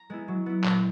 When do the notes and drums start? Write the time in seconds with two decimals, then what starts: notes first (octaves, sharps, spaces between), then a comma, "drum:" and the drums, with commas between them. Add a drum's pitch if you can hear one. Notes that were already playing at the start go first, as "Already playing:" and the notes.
Already playing: A#5
0.10 G#3 B3 E4
0.28 F#3
0.46 B3 E4
0.64 A#2, drum: clap